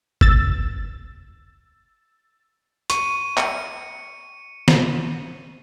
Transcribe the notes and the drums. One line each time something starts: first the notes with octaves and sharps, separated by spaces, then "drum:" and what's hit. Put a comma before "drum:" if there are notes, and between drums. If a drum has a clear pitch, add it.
E6 A6, drum: kick
C#6 D#7, drum: hi-hat
C#7, drum: clap
drum: snare